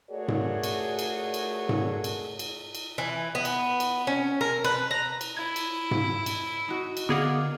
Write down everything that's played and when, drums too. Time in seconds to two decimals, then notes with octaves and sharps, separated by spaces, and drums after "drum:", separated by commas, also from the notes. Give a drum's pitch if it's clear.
0.11 A3 F#4 G#4 A#4 C#5 D5
0.28 drum: tom G#2
0.63 drum: cymbal
0.99 drum: cymbal
1.34 drum: cymbal
1.69 drum: tom G#2
2.04 drum: cymbal
2.39 drum: cymbal
2.75 drum: cymbal
2.98 E3
3.35 B3
3.45 drum: cymbal
3.80 drum: cymbal
4.07 C#4
4.41 A#4
4.64 B4
4.91 A#5
5.21 drum: cymbal
5.36 E4 G#6
5.56 drum: cymbal
5.91 drum: tom G#2
6.26 drum: cymbal
6.68 D#4 F#4
6.97 drum: cymbal
7.09 D3 B3 G#4 A#4 D5 F5 F#5